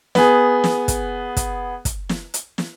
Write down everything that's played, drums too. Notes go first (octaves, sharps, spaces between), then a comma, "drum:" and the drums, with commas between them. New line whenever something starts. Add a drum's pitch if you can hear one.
B3 G#4, drum: snare
drum: snare
drum: kick, hi-hat
drum: kick, hi-hat
drum: kick, hi-hat
drum: snare
drum: hi-hat
drum: snare